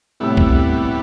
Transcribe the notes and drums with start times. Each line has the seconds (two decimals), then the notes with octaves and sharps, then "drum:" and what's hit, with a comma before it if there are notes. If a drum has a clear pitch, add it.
0.20 A2 C3 G3 B3 E4 E6
0.37 drum: kick B1